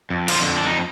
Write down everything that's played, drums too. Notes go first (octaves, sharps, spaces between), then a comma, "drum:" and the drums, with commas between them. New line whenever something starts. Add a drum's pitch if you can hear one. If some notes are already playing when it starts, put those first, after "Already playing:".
F2
D3 F3 F4, drum: cymbal
F2
D4
F2 D#4